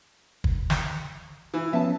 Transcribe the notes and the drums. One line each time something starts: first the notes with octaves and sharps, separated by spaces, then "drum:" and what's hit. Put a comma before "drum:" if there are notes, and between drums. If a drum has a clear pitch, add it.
drum: kick
drum: snare
E3
F3 B3 C#4 E5 A5